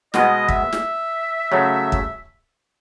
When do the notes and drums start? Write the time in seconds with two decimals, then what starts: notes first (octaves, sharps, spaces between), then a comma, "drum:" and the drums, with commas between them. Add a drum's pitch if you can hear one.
0.14 B2 G#3 B3 D#5, drum: snare
0.49 E5, drum: kick
0.73 drum: snare
1.52 C#3 F#3 A3
1.92 drum: kick